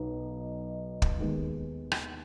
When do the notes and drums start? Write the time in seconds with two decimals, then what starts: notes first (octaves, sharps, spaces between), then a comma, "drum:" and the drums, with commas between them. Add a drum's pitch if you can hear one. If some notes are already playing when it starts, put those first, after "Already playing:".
Already playing: B1 B2 B3 D#4
1.02 drum: kick
1.19 D#2 D#3 G#3 B3
1.92 drum: rim click